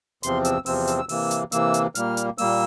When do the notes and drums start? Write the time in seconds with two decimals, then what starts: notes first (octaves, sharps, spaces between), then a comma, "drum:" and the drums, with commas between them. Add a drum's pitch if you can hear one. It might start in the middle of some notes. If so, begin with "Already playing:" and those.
0.23 E2 C3 F3 C4 C6, drum: hi-hat
0.45 E6, drum: hi-hat
0.66 E2 C3 F3 C4 E6, drum: open hi-hat
0.87 E6, drum: hi-hat
0.98 E6
1.09 C3 E3 A#3 E6, drum: open hi-hat
1.31 drum: hi-hat
1.52 C3 E3 A#3 E6, drum: hi-hat
1.74 drum: hi-hat
1.95 A#2 G3 A#3 F6, drum: hi-hat
2.17 drum: hi-hat
2.38 A#2 G3 A#3 E6, drum: open hi-hat